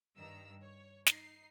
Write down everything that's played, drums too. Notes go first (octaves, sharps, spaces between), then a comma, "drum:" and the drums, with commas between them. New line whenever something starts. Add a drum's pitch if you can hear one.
G2 D#3 A#5 E6
C#5
D#4 C7, drum: snare